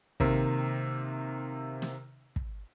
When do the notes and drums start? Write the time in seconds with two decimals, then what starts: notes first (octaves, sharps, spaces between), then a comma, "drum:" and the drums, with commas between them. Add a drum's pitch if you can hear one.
0.20 C3 D#3 A#3, drum: kick
1.82 drum: snare
2.36 drum: kick